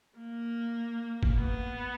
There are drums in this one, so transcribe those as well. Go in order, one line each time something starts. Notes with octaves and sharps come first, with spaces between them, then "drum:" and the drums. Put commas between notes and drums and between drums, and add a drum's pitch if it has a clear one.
A#3
drum: kick
B3